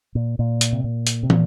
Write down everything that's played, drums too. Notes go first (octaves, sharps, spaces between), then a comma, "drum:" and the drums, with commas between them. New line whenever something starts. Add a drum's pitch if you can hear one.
A#2
A#2
drum: hi-hat
C3
A#2
drum: hi-hat
C3
A#2, drum: tom